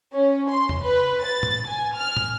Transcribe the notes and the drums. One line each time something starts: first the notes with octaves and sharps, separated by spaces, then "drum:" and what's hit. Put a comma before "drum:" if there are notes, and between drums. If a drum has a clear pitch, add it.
C#4
C6
drum: tom E2
B4
A6
drum: tom
G#5
F6
drum: tom